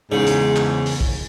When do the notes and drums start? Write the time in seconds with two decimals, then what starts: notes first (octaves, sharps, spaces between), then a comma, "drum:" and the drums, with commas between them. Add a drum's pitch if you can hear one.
0.12 E2 G#2 C#3
0.27 drum: hi-hat
0.56 drum: clap
0.86 drum: open hi-hat
1.01 drum: kick